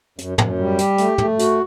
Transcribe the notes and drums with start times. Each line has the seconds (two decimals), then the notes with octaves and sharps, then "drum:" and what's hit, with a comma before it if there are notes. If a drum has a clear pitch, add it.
0.18 F#2, drum: hi-hat
0.38 F#2, drum: tom
0.59 G3
0.78 G4, drum: hi-hat
0.98 A3, drum: hi-hat
1.18 A3, drum: tom
1.39 F#4, drum: hi-hat